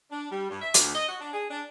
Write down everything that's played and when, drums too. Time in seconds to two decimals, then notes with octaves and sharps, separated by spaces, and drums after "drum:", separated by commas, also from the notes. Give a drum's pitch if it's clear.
0.11 D4
0.30 G3
0.50 G2
0.61 E5
0.74 D2, drum: hi-hat
0.95 D#5
1.09 F#4
1.20 D4
1.33 G#4
1.50 D4